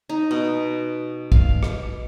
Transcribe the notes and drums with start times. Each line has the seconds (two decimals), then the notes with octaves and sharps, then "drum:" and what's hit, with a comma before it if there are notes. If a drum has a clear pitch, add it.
0.09 D#4
0.31 B2
1.32 F5, drum: kick
1.63 drum: rim click